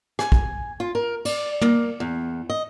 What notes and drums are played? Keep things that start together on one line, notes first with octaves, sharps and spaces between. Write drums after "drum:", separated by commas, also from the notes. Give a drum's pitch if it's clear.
G#5, drum: rim click
drum: kick
F4
A#4
D5, drum: cymbal
A#3, drum: tom
E2
D#5